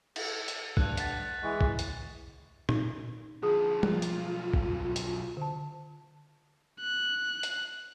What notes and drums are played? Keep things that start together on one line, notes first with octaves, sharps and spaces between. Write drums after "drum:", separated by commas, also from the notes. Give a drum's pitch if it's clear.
A4, drum: cymbal
drum: hi-hat
G2 F#6, drum: kick
F#5 A6 B6, drum: hi-hat
E3 G#3 C#6
drum: kick
drum: hi-hat
D#4, drum: tom
D3 F3 G#4 D#6
B1 F3 F4, drum: tom
drum: hi-hat
drum: kick
drum: hi-hat
D3 A5
F#6
drum: hi-hat